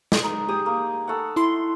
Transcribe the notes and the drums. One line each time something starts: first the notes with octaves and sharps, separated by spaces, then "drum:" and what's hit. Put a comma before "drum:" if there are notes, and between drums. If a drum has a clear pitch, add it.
drum: snare
D#4
G4 G#4 D#6
A#3
A3 F#5
E4 C6